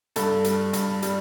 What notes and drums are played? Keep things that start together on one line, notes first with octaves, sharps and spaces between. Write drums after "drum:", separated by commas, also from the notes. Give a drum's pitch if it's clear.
G2 A4, drum: hi-hat
G3, drum: hi-hat
G2, drum: hi-hat
G3, drum: hi-hat